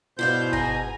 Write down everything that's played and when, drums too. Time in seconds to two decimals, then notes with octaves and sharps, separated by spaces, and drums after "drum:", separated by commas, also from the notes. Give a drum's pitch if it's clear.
0.19 G#2 B2 E4 C5 D5 F5 G6
0.53 G#4 G#5 A#5, drum: kick G1